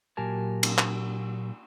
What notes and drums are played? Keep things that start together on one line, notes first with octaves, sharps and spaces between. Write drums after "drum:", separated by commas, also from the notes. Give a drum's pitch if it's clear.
A#2 F#3 G4 A#4 G#5 A5
drum: cymbal
drum: clap